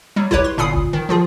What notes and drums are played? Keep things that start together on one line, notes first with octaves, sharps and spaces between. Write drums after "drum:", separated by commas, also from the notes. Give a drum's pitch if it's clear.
F#3 G3
E4 G4 B4 C#5, drum: kick
C6
G1 A#2 G#5 B5 D#6 C7
drum: kick
D#3
F3 F4 G#4